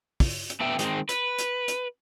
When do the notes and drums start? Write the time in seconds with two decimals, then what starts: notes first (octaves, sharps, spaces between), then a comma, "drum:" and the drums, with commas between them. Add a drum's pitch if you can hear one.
0.20 drum: kick, open hi-hat
0.50 drum: hi-hat
0.60 A3 B3 D4 E5 G5
0.79 D#3 G#3 C4, drum: hi-hat
1.09 B4, drum: hi-hat
1.38 drum: hi-hat
1.68 drum: hi-hat